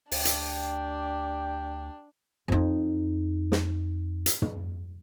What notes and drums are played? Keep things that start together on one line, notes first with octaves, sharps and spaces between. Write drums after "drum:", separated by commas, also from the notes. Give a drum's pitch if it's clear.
D2 D4 G4 G5, drum: open hi-hat
drum: hi-hat
F2 D#4
drum: snare
drum: hi-hat
drum: tom